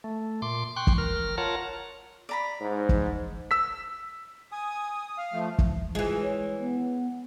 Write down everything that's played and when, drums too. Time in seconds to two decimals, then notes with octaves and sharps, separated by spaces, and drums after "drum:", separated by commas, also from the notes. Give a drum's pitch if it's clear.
0.04 A3
0.42 A#2 C6 D6
0.76 G5 C6 C#6 F#6
0.87 drum: kick
0.98 A#4 F6
1.38 F4 A#4 C#5 F#5 A5 A#5
2.29 D5 A#5 B5
2.61 G#2
2.89 drum: kick
3.51 E6 B6
4.52 G#5 D#6
5.17 F5
5.33 F3 A3
5.59 drum: kick
5.95 E3 G#3 F4
6.22 C#5
6.59 B3